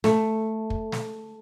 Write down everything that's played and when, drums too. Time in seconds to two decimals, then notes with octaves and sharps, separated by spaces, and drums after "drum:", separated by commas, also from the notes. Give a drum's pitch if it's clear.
0.04 A3, drum: snare
0.70 drum: kick
0.92 drum: snare